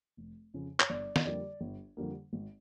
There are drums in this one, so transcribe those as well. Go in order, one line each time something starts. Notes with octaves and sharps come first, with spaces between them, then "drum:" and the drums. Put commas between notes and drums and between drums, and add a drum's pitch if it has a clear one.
F1
F2 C#3 F3
C#5, drum: clap
G1 D5
D#5, drum: snare
F2 D3 G3 A#3 D5
G1
F2 D3 G3 A#3
G#1